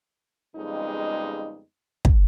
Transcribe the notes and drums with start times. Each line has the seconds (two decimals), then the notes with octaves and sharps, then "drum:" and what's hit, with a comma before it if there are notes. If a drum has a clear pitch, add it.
0.56 F2 C#3 G3 G#3 B3 D#4
2.05 drum: kick